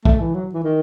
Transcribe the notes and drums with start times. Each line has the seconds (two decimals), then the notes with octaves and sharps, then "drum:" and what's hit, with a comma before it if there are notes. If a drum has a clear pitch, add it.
0.05 A3, drum: kick
0.20 E3
0.34 F#3
0.54 E3
0.64 D#3